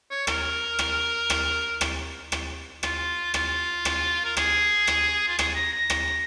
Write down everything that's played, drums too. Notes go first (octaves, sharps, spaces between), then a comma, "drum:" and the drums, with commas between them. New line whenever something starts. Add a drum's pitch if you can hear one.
C#5
A#4, drum: rim click
drum: rim click
drum: rim click
drum: rim click
drum: rim click
F4, drum: rim click
F4, drum: rim click
drum: rim click
A#4
G#4, drum: rim click
drum: rim click
F4
G#4, drum: rim click
A#5
A#5
drum: rim click